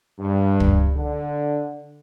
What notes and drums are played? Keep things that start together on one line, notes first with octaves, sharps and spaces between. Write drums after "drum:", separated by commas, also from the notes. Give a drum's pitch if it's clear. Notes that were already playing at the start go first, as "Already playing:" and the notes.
G2
drum: kick
D3